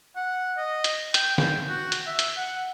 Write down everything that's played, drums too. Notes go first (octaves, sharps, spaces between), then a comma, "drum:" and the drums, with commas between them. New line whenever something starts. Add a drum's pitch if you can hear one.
F#5
D#5
drum: hi-hat
G5, drum: hi-hat
drum: snare
F#4
drum: hi-hat
E5
drum: hi-hat
F#5